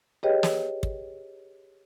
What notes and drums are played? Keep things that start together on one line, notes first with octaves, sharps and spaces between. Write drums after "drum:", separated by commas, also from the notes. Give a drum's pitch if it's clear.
G4 G#4 B4 C#5 D#5 G5
drum: snare
drum: kick